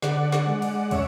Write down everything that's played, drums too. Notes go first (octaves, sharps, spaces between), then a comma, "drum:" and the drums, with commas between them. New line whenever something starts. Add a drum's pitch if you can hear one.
D3 D5 F#5, drum: snare
drum: snare
G#3
drum: cymbal
C#4 C#5 E5, drum: kick, cymbal